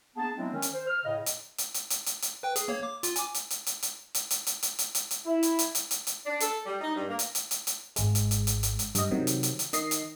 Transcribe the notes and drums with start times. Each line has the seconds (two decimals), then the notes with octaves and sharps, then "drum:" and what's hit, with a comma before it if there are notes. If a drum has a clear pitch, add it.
0.16 A#3 B3 D4 G#4 A5
0.37 F#3 G#3 B3 C4 D4 E4
0.53 D#3 C#4
0.62 drum: hi-hat
0.73 C5
0.87 F6
1.04 A2 C#3 G#4 D#5
1.26 drum: hi-hat
1.58 drum: hi-hat
1.74 drum: hi-hat
1.90 drum: hi-hat
2.06 drum: hi-hat
2.22 drum: hi-hat
2.43 B4 G5
2.56 G#4, drum: hi-hat
2.68 A#3 C#5
2.83 D6
3.03 F4, drum: hi-hat
3.16 G#5 D6, drum: hi-hat
3.34 drum: hi-hat
3.50 drum: hi-hat
3.67 drum: hi-hat
3.83 drum: hi-hat
4.15 drum: hi-hat
4.31 drum: hi-hat
4.47 drum: hi-hat
4.63 drum: hi-hat
4.79 drum: hi-hat
4.95 drum: hi-hat
5.11 drum: hi-hat
5.27 E4
5.43 drum: hi-hat
5.59 drum: hi-hat
5.75 drum: hi-hat
5.91 drum: hi-hat
6.07 drum: hi-hat
6.26 D4
6.40 A4, drum: hi-hat
6.65 G3
6.81 D#4
6.95 G2
7.09 A#3
7.19 drum: hi-hat
7.35 drum: hi-hat
7.51 drum: hi-hat
7.67 drum: hi-hat
7.96 G#1 G#3, drum: hi-hat
8.15 drum: hi-hat
8.31 drum: hi-hat
8.47 drum: hi-hat
8.63 drum: hi-hat
8.79 drum: hi-hat
8.95 G2 D#5, drum: hi-hat
9.11 C3 D#3 F#3
9.27 drum: hi-hat
9.43 drum: hi-hat
9.59 drum: hi-hat
9.73 D#3 D#5 C7, drum: hi-hat
9.91 drum: hi-hat